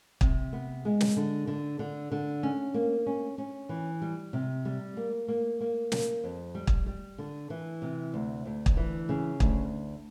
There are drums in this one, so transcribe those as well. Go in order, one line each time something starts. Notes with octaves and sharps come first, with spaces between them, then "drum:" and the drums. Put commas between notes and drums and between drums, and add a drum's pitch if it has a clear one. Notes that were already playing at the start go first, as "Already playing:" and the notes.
C3, drum: kick
B3
G#3
drum: snare
D3
D3
D3
D3
C#4
A#3
C#4
C#4
E3
G3
C3
G3
A#3
A#3
A#3
A#3, drum: snare
F2
G3
drum: kick
G3
D3
E3
C3
D2
D2
drum: kick
E3
C#3
D2, drum: kick